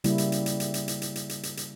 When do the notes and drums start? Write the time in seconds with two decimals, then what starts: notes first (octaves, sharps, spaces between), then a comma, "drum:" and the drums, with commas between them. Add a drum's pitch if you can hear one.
0.04 C#3 G3 A#3 E4, drum: hi-hat
0.18 drum: hi-hat
0.32 drum: hi-hat
0.46 drum: hi-hat
0.60 drum: hi-hat
0.74 drum: hi-hat
0.88 drum: hi-hat
1.02 drum: hi-hat
1.16 drum: hi-hat
1.29 drum: hi-hat
1.43 drum: hi-hat
1.57 drum: hi-hat